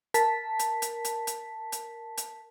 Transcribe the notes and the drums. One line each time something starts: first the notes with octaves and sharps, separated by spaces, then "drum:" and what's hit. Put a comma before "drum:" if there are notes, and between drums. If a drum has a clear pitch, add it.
A#4 A5 B6, drum: hi-hat
drum: hi-hat
drum: hi-hat
drum: hi-hat
drum: hi-hat
drum: hi-hat
drum: hi-hat